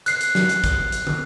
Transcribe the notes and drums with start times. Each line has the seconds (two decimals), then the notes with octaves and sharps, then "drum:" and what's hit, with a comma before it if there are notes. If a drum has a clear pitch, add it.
0.06 F#6 C7, drum: hi-hat
0.21 drum: hi-hat
0.35 drum: snare
0.49 drum: hi-hat
0.64 drum: kick, hi-hat
0.92 drum: hi-hat
1.07 drum: tom